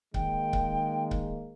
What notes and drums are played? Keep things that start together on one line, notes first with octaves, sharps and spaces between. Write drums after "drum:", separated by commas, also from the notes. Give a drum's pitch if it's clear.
D#3 G#3 A#3 G5, drum: kick C#1
drum: kick C#1
drum: kick C#1